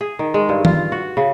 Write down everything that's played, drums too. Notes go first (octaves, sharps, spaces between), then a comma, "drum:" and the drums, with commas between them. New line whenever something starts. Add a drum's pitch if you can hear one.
G#4
D#3
G#3
G2
F4, drum: tom D#3
F#4
C#3